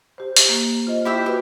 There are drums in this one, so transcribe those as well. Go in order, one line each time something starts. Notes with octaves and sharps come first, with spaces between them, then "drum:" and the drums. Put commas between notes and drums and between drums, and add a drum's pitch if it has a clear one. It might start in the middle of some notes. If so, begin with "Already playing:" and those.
G4 C5
drum: hi-hat
A#3
F4 C5 D#5
E4 G4 E5
F#4 G4 B4